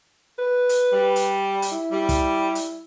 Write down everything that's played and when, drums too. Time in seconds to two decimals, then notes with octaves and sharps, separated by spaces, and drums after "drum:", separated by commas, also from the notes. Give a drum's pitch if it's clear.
0.39 B4
0.69 drum: hi-hat
0.93 G3
1.16 drum: hi-hat
1.62 drum: hi-hat
1.72 E4
1.92 G3
2.09 drum: kick, hi-hat
2.55 drum: hi-hat